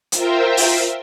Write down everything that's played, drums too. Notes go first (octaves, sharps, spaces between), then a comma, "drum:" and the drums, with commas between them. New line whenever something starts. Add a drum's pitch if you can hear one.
F4 A#4 C5 E5 G5, drum: hi-hat
drum: open hi-hat